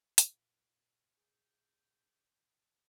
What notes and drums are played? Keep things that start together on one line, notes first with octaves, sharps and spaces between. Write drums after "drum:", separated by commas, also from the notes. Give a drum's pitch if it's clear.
A#2, drum: hi-hat
G#4 G6